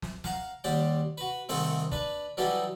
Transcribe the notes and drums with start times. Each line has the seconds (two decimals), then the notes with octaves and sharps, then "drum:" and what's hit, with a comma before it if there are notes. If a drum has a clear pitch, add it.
0.02 drum: snare
0.24 F5 F#5 A#5, drum: snare
0.64 D#2 G3 G4 C5 D5 F#5
1.18 F#4 B4
1.49 C2 G#2 D#3 A3 C4, drum: open hi-hat
1.92 D4 B4, drum: kick
2.37 E3 F#3 G3 D#4 G4 A4